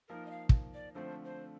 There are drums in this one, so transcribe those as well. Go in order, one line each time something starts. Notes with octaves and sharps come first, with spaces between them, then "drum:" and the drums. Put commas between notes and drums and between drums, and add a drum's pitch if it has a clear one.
F3 A#3 D#4 A#4
D#5
F5
drum: kick
D5
D3 F3 A3 C4 C5
C5